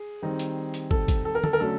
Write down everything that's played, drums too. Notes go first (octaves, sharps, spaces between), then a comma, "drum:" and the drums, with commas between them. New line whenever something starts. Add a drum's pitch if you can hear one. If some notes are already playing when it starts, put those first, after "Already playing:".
Already playing: G#4
D#3 G3 C4 D#4
drum: hi-hat
drum: hi-hat
A4, drum: kick
drum: kick, hi-hat
A4
A#4
A4, drum: tom D3
A#4
D3 F#3 A3 C#4 A4